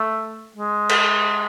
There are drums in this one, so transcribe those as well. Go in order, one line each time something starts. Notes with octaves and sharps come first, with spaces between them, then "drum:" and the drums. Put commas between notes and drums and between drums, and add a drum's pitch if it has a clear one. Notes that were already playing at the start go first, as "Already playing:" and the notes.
Already playing: A3
G#3
drum: cymbal